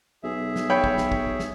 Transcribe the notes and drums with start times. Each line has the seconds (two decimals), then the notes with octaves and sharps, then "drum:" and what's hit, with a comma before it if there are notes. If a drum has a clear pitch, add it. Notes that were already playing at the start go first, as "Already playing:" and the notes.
0.23 B1 G#4 E5
0.56 drum: snare
0.70 C#5 G5 B5
0.84 drum: kick
0.98 drum: snare
1.12 drum: kick
1.40 drum: snare